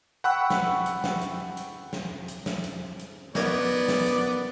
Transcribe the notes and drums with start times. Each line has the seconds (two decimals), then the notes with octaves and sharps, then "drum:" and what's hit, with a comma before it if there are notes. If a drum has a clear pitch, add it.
0.24 F#5 G5 B5 C#6 E6 F#6
0.50 drum: snare
0.86 drum: hi-hat
1.04 drum: snare
1.22 drum: hi-hat
1.57 drum: hi-hat
1.93 drum: snare
2.28 drum: hi-hat
2.46 drum: snare
2.64 drum: hi-hat
3.00 drum: hi-hat
3.35 B3 D#4 A#4 C#5 D5, drum: snare
3.71 drum: hi-hat
3.89 drum: snare
4.06 drum: hi-hat